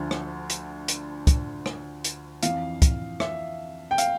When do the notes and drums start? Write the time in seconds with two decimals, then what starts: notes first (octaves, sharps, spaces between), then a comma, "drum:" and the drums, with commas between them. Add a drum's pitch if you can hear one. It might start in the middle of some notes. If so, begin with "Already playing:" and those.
Already playing: D2 D3 F3
0.11 drum: rim click
0.50 drum: hi-hat
0.88 drum: hi-hat
1.27 drum: kick, hi-hat
1.66 drum: rim click
2.04 drum: hi-hat
2.43 F2 E3 F5, drum: hi-hat
2.82 drum: kick, hi-hat
3.20 E5, drum: rim click
3.91 G5
3.98 F5, drum: hi-hat